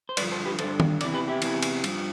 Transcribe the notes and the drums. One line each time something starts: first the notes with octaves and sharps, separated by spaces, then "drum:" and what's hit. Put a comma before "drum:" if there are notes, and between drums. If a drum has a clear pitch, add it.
C5
G2 D3 F3 B4 D5, drum: cymbal
A4 C5
G4 B4
G2 D3 F3 A4 C5, drum: cymbal
drum: tom
E2 C3 E3 D5, drum: cymbal
G4 B4
E4 G4
E2 C3 E3, drum: cymbal
drum: cymbal
G2 F3, drum: cymbal